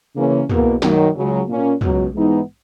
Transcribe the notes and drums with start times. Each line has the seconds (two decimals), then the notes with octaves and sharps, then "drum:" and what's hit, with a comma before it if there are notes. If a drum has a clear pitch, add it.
0.16 C#3 E3 A#3 C#4
0.50 E2 B2 A#3, drum: tom
0.82 F#2 D#3 F#3, drum: snare
1.15 C#2 C#3 F#3
1.48 A#2 A#3 C#4
1.81 C#2 B2 F#3, drum: tom
2.14 G#2 E3 B3 D#4